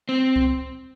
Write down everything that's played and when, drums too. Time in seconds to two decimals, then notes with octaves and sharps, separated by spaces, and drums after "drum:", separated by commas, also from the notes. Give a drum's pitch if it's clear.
0.09 C4
0.36 drum: kick C2